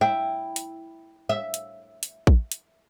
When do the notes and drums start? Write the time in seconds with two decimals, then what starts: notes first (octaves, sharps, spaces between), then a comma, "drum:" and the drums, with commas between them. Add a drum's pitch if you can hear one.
0.01 E4 G5
0.56 drum: hi-hat
1.29 E5
1.54 drum: hi-hat
2.03 drum: hi-hat
2.27 drum: kick
2.52 drum: hi-hat